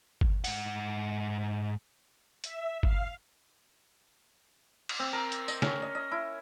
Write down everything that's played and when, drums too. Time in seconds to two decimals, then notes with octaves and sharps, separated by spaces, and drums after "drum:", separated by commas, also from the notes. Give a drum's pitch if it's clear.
0.21 drum: kick G1
0.44 G#2 F#5, drum: open hi-hat
2.44 E5, drum: hi-hat
2.83 F5, drum: kick G1
4.89 drum: cymbal
4.99 C4
5.13 A#4
5.32 drum: hi-hat
5.48 D#5, drum: tambourine
5.62 C#4, drum: snare
5.82 D#5
5.95 D#5
6.11 E4